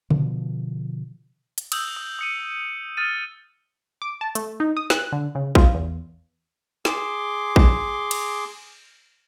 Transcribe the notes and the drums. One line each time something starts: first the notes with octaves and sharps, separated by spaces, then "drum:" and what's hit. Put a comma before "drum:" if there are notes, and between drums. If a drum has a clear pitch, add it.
B2 D3 F3, drum: tom C#3
drum: hi-hat
D#6 E6 G6 F#7, drum: cymbal
D#6
D#6 C#7 D#7
D#6 F6 A6 D#7
D6
A5
A3, drum: hi-hat
D#4
D#6
F#6, drum: snare
D3
C#3
F4, drum: kick
E2
G#4 C6 D6, drum: snare
drum: kick
drum: cymbal